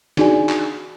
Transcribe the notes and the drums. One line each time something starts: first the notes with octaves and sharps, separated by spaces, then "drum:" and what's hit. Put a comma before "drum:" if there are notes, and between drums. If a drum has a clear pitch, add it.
D4 D#4 F#4 G#4 D5 G#5, drum: snare
drum: clap